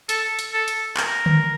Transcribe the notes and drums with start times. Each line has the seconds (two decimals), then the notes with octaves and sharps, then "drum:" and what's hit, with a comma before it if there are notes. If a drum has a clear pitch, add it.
0.09 A4, drum: hi-hat
0.39 drum: hi-hat
0.53 A4
0.68 drum: hi-hat
0.97 A#4, drum: clap
1.26 drum: tom D3